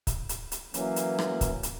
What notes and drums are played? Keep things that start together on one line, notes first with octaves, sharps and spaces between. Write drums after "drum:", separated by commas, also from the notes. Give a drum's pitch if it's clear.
drum: kick C#1, hi-hat
drum: hi-hat
drum: hi-hat
E3 F#3 A#3 C#4, drum: hi-hat
drum: hi-hat
drum: rim click
drum: kick C#1, hi-hat
drum: hi-hat